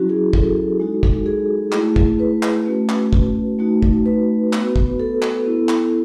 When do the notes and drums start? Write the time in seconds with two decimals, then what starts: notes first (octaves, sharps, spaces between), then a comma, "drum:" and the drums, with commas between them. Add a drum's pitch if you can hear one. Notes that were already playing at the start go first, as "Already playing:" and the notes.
Already playing: F#3 C#4 E4 F#4
0.09 G#4
0.33 A4, drum: kick
0.80 G#3 D#4 F#4
1.03 drum: kick
1.26 G#4
1.72 A3 E4, drum: clap
1.96 drum: kick
2.20 B4
2.43 drum: clap
2.66 A3 C#4 F#4
2.89 drum: clap
3.13 drum: kick
3.59 A3 D#4 F#4
3.82 drum: kick
4.06 B4
4.53 B3 F#4, drum: clap
4.76 drum: kick
5.00 A4
5.22 drum: clap
5.46 B3 E4
5.69 drum: clap